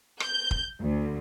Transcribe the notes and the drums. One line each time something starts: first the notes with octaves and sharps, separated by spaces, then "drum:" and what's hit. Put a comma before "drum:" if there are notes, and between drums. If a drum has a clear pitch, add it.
G6, drum: rim click
drum: kick
D2